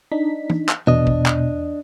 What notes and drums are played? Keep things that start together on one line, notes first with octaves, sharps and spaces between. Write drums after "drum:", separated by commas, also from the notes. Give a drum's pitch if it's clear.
D4 D#4 B6
drum: tom
drum: clap
E2 B2 D4 D#5
drum: kick
drum: clap